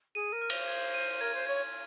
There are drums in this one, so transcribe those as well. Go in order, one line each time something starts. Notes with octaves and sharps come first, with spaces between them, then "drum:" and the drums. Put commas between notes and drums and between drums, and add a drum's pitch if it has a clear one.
G#4 D#7
A#4
F6
C5, drum: cymbal
G#6
D#7
A#4 G#6
C5
C#5 G#6